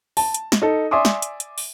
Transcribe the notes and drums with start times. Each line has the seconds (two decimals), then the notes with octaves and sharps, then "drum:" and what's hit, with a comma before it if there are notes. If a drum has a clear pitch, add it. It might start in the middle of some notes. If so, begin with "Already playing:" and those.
0.17 A5, drum: open hi-hat
0.34 drum: hi-hat
0.52 drum: snare
0.62 D#4 A4
0.91 D5 E5 G#5 C6 D6 D#6
1.05 drum: snare
1.22 drum: hi-hat
1.40 drum: hi-hat
1.58 drum: open hi-hat